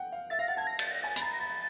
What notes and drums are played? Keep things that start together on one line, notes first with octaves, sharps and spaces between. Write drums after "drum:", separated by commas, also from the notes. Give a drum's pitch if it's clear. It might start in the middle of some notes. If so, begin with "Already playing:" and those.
Already playing: F#5 G5
F5
E5 A6
F5 A#6
F#5 A6
A5 G#6
A#6
A6, drum: cymbal
A#6
G#5 A6
B5, drum: hi-hat
A#5 A6
A#6
B5 A6